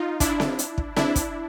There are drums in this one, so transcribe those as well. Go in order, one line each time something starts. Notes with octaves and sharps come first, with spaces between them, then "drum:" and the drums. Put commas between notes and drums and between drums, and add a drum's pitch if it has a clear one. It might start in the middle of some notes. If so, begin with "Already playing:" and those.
Already playing: D#4 F4
D4 E4, drum: kick, hi-hat
drum: snare C4
drum: hi-hat
drum: kick
D4 E4, drum: snare C4
drum: kick, hi-hat